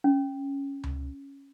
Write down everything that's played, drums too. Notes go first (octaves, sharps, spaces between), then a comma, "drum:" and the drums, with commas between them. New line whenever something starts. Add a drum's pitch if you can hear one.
C#4
drum: tom C#2